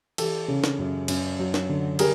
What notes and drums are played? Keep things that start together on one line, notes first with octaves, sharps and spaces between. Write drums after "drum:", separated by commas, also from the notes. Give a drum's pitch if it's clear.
E3 G4 A4, drum: cymbal
C#3
drum: snare
F#2
F#2, drum: cymbal
F#3
drum: snare
D3
G3 G#4 A#4, drum: cymbal